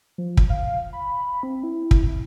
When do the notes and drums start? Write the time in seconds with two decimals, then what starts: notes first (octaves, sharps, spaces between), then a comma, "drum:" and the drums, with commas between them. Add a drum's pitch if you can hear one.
0.18 F3
0.37 drum: kick
0.50 F5
0.93 B5
1.43 C4
1.63 E4
1.91 drum: kick